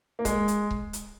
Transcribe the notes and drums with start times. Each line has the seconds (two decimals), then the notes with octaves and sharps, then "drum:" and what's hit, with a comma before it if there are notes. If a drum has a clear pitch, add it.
0.19 A#3
0.25 G#3, drum: kick C#1, hi-hat
0.48 drum: hi-hat
0.71 drum: kick C#1
0.93 drum: hi-hat